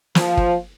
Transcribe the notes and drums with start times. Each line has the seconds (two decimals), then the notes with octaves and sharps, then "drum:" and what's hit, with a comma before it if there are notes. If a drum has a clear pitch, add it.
0.15 F3, drum: snare
0.37 drum: kick